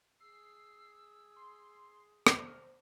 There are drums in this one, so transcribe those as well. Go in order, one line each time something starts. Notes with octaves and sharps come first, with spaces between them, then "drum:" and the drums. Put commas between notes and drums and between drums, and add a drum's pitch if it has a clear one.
G#4 E6 C7
C6
C5 F6, drum: rim click